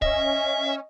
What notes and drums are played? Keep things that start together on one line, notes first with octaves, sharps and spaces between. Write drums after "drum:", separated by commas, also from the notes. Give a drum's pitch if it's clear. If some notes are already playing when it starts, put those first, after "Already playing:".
C#4 D#5 E5, drum: kick